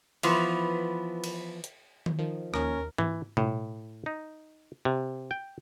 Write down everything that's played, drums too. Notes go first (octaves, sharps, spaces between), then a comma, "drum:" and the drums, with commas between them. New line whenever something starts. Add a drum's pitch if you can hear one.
E3 F3 B3, drum: cymbal
drum: cymbal
drum: hi-hat
drum: tom D#3
D#3 F3
D#2 C#4 A#4, drum: rim click
E3, drum: tom G#2
A2, drum: tom B2
D#4
C3
G5